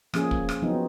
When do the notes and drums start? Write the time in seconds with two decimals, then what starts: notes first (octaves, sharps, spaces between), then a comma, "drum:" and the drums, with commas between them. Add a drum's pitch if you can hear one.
0.14 F3 A#3 C#4 G#4, drum: rim click
0.31 drum: kick
0.49 drum: rim click
0.62 F3 F#3 B3 C4 D#4